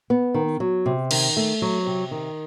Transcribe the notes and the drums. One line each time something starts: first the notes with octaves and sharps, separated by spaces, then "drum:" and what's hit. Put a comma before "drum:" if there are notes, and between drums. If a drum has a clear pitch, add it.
B3
D#3
F#3
C3
D#3, drum: cymbal
A3
F#3
C3
D#3